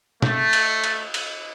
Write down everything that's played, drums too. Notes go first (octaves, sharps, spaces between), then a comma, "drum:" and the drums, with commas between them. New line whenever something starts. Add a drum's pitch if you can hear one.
A3, drum: snare
drum: cymbal
drum: cymbal
drum: cymbal